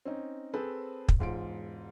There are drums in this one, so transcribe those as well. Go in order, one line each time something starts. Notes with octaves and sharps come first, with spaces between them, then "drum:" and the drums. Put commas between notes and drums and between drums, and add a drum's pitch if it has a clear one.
C4 C#4 D#4
C4 G#4 A4 B4 C5
drum: kick
E1 G#2 F4 C6 D7